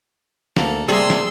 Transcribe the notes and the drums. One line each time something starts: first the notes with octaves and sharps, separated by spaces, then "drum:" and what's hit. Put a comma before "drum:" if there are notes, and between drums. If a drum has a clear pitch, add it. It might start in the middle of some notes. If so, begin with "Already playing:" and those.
D2 A#3 A4, drum: snare
C3 G3 A3 A#3 G#4 C6 E6
drum: snare